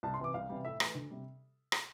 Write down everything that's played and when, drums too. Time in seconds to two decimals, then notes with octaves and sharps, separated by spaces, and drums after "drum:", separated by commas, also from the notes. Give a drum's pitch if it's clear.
0.03 C2 A5
0.14 C6
0.19 C3 E3 D6
0.34 C2 F5
0.49 C3 E3 G3
0.65 A2 E5
0.80 E3 A3, drum: rim click
0.95 D2
1.11 C3 G3
1.72 drum: rim click